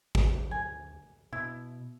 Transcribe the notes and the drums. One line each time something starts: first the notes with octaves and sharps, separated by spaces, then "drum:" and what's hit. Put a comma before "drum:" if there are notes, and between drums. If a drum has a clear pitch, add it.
drum: kick
D2
G#5
B2 E4